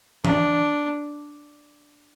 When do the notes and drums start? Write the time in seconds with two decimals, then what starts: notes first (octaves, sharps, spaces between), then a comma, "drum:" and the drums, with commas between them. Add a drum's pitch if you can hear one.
0.25 D4, drum: tom